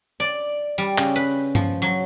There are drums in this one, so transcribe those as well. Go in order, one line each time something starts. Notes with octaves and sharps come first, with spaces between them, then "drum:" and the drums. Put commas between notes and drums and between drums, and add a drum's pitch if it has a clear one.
D5
G3
C#3, drum: clap
B4
F3, drum: tom G2
F#3